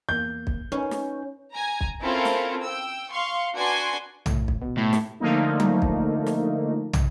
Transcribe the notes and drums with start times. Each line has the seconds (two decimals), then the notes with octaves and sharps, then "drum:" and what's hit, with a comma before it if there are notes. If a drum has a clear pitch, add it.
0.09 E2 A#3 G6
0.47 drum: kick B1
0.72 C#4 D#4 B4 C#5
0.91 drum: snare
1.54 G#5 A#5
1.81 drum: kick B1
2.03 C4 C#4 E4 F4 A4 A#4
2.25 drum: snare
2.61 G5 E6
3.11 F5 C6 C#6
3.56 D4 F#4 B4 D5 G#5 C6
4.26 A2, drum: tom
4.48 drum: kick B1
4.62 B2
4.78 A2
4.93 drum: snare
5.20 D3 F3 A3 A#3 D#4
5.60 drum: tom F#3
5.82 drum: kick B1
6.26 drum: snare
6.93 drum: tom